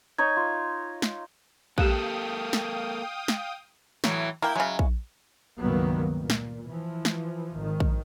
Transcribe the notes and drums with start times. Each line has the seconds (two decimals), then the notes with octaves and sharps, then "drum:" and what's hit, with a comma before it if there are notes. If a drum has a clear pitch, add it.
0.18 D#4 C#5 D#5 G#6
0.37 F4
1.02 drum: snare
1.78 G#3 A#3 G4 A4 F5 G5 D#6, drum: kick A#1
2.53 drum: snare
3.28 drum: snare
4.04 A2 E3 F#3, drum: snare
4.42 A#3 E4 G5
4.56 C#3 F#3 G#3
4.79 drum: kick A#1
5.60 C#2 G2 D#3 F#3 A#3 B3
6.19 A#2
6.30 drum: snare
6.69 E3 F3
7.05 drum: snare
7.54 G#1 D#3
7.80 drum: kick A#1